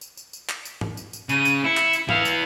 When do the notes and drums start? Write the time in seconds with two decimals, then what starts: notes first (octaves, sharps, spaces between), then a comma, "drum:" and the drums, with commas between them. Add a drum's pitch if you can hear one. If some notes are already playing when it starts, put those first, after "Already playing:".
0.01 drum: tambourine
0.17 drum: tambourine
0.33 drum: tambourine
0.49 drum: clap
0.65 drum: tambourine
0.81 drum: tom G#2
0.97 drum: tambourine
1.13 drum: tambourine
1.29 C#3 D#7, drum: tambourine
1.45 drum: tambourine
1.64 E4 C#7
1.77 drum: clap
1.93 drum: tambourine
2.09 B3 E4 F5, drum: tom G#2
2.25 drum: tambourine